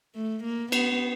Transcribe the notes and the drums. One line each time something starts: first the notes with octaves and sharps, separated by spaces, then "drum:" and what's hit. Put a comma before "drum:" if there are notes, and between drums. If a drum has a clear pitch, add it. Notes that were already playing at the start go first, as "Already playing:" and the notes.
A3
A#3
B3, drum: cymbal